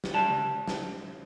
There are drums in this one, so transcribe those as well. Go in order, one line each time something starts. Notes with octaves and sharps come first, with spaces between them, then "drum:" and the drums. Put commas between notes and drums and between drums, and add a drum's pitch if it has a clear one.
drum: snare
G3 A5
C#2
drum: snare